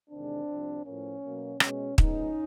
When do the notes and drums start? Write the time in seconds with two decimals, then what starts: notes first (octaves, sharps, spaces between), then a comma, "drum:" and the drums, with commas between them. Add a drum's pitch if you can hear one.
0.10 E2 C3 D#3 G#3 C4 D4
0.49 C2 C3 F3
0.86 A2 F3 A#3 C#4
1.24 B2 F#3 A#3
1.60 B2 G#3 B3 C#4, drum: rim click
1.98 G#2 F3 G#3 B3 C#4 D#4, drum: kick